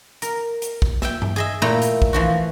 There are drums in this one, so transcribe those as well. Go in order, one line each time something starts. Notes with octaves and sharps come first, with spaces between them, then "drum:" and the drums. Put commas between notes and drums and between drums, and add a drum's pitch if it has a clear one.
A#4, drum: hi-hat
drum: hi-hat
drum: kick
E5 G5, drum: snare
drum: tom G2
G#4 D#5 E5
A#2 A3 E4 G5 A#5
drum: hi-hat
drum: kick
E3 F3 F#4